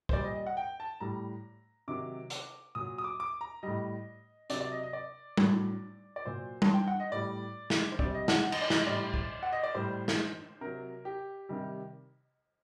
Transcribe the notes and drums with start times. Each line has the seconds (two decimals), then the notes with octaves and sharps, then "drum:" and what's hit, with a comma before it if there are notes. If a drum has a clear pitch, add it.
0.09 C5, drum: kick
0.13 A#2 G3 D5
0.25 D#5
0.36 D#5
0.47 F#5
0.57 G5
0.80 A5
1.00 A2 G3 A#5
1.88 C3 D#3 F#3 D6
2.30 drum: hi-hat
2.75 A#2 F#3 D#6
2.98 D#6
3.04 D6
3.20 D6
3.41 A#5
3.63 A2 G3 D#5
4.50 C3 F#3 D5, drum: hi-hat
4.61 D5
4.72 D#5
4.83 D#5
4.93 D5
5.37 A2 F#3, drum: tom G3
6.16 D5
6.25 A#2 F#3 C5
6.62 A5, drum: tom G3
6.74 G5
6.88 F#5
7.00 D#5
7.12 A2 G3 D5
7.70 drum: snare
7.92 C5
7.99 C3 G3 D5, drum: kick
8.14 D#5
8.28 F#5, drum: snare
8.43 F#5
8.52 D#5, drum: cymbal
8.61 D5
8.70 D#5, drum: snare
8.83 D#5
8.87 A2 G3 D5
9.14 drum: kick
9.43 F#5
9.52 D#5
9.63 D5
9.75 A2 G3 C5
10.08 drum: snare
10.61 C3 F#3 A#4
11.05 G4
11.49 C3 D#3 G3